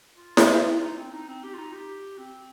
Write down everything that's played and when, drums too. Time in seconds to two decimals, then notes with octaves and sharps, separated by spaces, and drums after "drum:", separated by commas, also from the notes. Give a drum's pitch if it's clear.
0.15 F4
0.37 F4, drum: snare E4
0.53 D#4
0.67 C4
0.77 F4
0.83 D#4
0.97 C4
1.12 D#4
1.28 C4
1.43 G4
1.53 F4
1.59 D#4
1.73 G4
2.18 C4